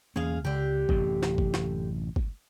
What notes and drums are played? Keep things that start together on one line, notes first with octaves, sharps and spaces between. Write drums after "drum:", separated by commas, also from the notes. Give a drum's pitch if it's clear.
E2 A#3 C#4 G#4 F5
C#2 D3 G4
A1 F#2 C3, drum: kick
drum: snare
drum: kick
drum: snare
drum: kick